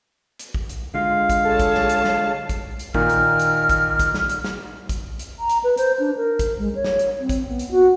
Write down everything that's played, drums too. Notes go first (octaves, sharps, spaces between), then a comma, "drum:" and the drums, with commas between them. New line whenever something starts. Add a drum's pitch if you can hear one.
drum: hi-hat
drum: kick A#1
drum: hi-hat
D3 G#3 F4 F5
drum: kick A#1, hi-hat
G#4 A4 C#5 A5
drum: kick A#1, hi-hat
drum: snare
drum: hi-hat
drum: snare
drum: kick A#1, hi-hat
drum: hi-hat
A#2 D#3 F6, drum: kick A#1
drum: hi-hat
drum: hi-hat
drum: kick A#1, hi-hat
drum: kick A#1, hi-hat
drum: snare
drum: hi-hat
drum: snare
drum: kick A#1, hi-hat
drum: hi-hat
A#5
drum: hi-hat
B4
C5, drum: hi-hat
D4
A#4
drum: kick A#1, hi-hat
G#3
C#5
drum: snare
drum: hi-hat
C4
drum: kick A#1, hi-hat
B3
drum: hi-hat
F#4